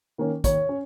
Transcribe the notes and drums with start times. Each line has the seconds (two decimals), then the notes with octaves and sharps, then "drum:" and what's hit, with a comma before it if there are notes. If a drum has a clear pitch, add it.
0.18 D#3 A#3 C#4
0.44 D#2 C#5, drum: kick, hi-hat
0.69 C#4